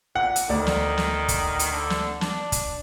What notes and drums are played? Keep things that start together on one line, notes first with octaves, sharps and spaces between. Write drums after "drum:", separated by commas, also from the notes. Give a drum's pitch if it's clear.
A#2 F#5
drum: hi-hat
D2 D#3 D5
drum: snare
drum: snare
drum: kick, hi-hat
drum: hi-hat
D3
drum: snare
D4, drum: snare
drum: kick, hi-hat